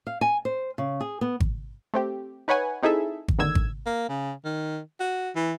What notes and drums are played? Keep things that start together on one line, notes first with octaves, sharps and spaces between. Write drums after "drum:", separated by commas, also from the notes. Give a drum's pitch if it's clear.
F5
G#5
C5
C#3
G#4
B3
drum: kick G#1
A3 C4 G4
D#4 B4 C#5 F#5 G#5
C4 D#4 E4 G#4 A4 E5
drum: kick G#1
A1 E2 D3 D#3 E6 G#6
drum: kick G#1
A#3
C#3
D#3
F#4
E3